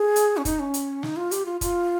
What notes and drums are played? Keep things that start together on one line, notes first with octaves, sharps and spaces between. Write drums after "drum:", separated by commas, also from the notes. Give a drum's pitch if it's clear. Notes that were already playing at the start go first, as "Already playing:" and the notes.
Already playing: G#4
drum: hi-hat
C#4
D#4, drum: kick, hi-hat
C#4
drum: hi-hat
D#4, drum: snare
F4
G4, drum: hi-hat
F4
F4, drum: kick, hi-hat